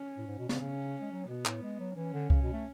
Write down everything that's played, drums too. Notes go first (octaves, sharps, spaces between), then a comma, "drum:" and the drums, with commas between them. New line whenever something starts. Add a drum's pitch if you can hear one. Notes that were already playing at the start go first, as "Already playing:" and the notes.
Already playing: C#4
A2
G#2
B2
C#3, drum: snare
C#3 C#4
G#3
F#3
B2 B3
A2, drum: clap
G#3
F#3
E3 C#4
D3
C#3, drum: kick C2
B2
A3